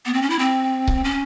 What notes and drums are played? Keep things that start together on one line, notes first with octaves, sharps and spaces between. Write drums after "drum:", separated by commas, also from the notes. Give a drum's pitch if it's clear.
B3
C4
C#4
E4
C4
drum: kick C#1
C#4